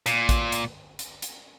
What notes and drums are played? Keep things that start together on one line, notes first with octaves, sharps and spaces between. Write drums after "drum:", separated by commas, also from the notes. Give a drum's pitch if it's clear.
A#2, drum: hi-hat
drum: kick A1, hi-hat
drum: hi-hat
drum: hi-hat
drum: hi-hat